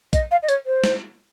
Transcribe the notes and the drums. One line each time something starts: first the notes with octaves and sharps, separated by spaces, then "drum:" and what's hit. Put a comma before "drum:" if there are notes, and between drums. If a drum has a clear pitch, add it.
D#5, drum: kick, hi-hat
F5
D#5
C#5, drum: hi-hat
C5
drum: snare